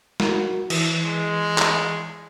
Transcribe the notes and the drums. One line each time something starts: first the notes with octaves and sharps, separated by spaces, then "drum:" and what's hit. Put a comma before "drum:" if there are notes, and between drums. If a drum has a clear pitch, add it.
F#4 A#4, drum: snare
E3, drum: cymbal
G#3
drum: clap